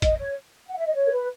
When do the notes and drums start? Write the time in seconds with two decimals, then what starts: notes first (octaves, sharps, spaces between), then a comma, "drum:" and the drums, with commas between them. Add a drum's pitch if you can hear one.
0.02 D#5, drum: kick A1, hi-hat
0.18 C#5
0.68 F#5
0.77 E5
0.87 D#5
0.95 C#5
1.06 A#4
1.11 B4